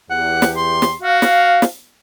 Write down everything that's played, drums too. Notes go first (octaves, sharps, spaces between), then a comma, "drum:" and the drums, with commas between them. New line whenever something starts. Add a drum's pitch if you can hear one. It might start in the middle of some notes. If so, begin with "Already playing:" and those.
E2 G4 F#5
drum: snare
C6
drum: snare
F#4 F5
drum: snare
drum: snare